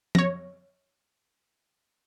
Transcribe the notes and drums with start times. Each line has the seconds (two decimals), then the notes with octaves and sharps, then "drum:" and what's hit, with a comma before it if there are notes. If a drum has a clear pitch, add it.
0.15 C#5 A#6, drum: tom F3